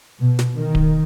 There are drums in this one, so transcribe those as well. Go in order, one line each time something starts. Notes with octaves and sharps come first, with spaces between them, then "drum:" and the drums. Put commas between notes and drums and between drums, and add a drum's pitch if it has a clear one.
B2
drum: snare
D#3
drum: kick D1